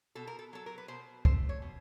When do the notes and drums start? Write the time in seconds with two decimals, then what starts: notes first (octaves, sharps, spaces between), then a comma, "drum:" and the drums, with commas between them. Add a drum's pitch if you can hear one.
0.15 B2 A4
0.27 A#4
0.39 A4
0.53 F#3 A4
0.66 A#4
0.78 B4
0.88 B2 C5
1.25 A3 C5, drum: kick
1.49 C#5
1.62 B2